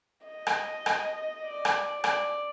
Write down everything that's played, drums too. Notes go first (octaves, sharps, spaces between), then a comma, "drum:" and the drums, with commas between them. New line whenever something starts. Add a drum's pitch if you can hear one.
D#5
drum: rim click
drum: rim click
D5
drum: rim click
D5, drum: rim click